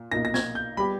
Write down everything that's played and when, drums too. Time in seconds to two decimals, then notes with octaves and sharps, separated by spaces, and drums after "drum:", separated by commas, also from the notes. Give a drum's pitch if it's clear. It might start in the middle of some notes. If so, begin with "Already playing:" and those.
Already playing: A#2
0.12 B1 A#2 A#3 D#4 A#6
0.25 A#6
0.34 G#6, drum: snare
0.55 G6
0.77 G3 B3 G4 B5